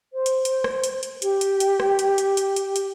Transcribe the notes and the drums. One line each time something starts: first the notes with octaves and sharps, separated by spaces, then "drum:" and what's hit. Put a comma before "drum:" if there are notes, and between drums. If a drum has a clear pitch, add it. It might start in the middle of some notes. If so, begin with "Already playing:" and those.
C5
drum: hi-hat
drum: hi-hat
drum: rim click
drum: hi-hat
drum: hi-hat
G4, drum: hi-hat
drum: hi-hat
drum: hi-hat
drum: rim click
drum: hi-hat
drum: hi-hat
drum: hi-hat
drum: hi-hat
drum: hi-hat